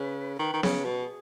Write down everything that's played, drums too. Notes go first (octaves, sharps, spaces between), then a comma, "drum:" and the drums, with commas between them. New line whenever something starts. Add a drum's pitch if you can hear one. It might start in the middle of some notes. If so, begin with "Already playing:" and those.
Already playing: C#3 B4
A#4
D#3 B4
D#3
C#3, drum: snare B3
B4
B2
G#4